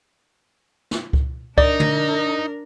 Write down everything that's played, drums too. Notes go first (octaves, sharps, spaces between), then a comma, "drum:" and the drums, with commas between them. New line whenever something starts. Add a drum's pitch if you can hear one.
drum: snare
drum: kick C#2
D4 D#4 A#4 D5, drum: kick C#2
drum: tom